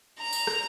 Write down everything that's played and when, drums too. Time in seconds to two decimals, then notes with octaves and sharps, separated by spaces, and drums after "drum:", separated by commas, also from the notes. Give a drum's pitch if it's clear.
0.18 A#5
0.33 drum: tambourine
0.47 drum: rim click